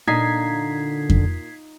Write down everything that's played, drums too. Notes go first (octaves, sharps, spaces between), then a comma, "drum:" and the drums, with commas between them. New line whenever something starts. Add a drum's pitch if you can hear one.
A#2 D3 D#4 G#6 B6 C7
drum: kick F2